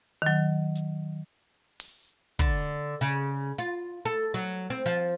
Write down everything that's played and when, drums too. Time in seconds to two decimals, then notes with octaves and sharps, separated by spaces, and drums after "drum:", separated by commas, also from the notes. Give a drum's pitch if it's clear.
0.22 D#3 F#3
0.76 drum: hi-hat
1.80 drum: open hi-hat
2.39 D3, drum: kick
3.01 C#3
3.58 F4
4.05 A4
4.34 F#3
4.70 C4
4.86 F3